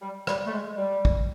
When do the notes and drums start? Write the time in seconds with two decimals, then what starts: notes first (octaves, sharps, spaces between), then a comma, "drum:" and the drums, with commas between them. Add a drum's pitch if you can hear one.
0.01 G3
0.27 G3, drum: rim click
0.46 A3
0.53 G#3
0.77 G3
1.05 drum: kick